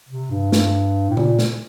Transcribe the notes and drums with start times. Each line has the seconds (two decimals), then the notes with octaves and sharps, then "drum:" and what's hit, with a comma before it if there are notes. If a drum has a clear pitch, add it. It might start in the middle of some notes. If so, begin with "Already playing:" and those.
0.09 C3
0.30 G2
0.52 G2, drum: snare
1.11 A2
1.17 A#2, drum: tom C#3
1.39 drum: snare